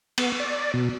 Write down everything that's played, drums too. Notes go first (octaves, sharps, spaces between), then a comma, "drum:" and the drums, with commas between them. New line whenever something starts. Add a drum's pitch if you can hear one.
B3, drum: cymbal
D5
B2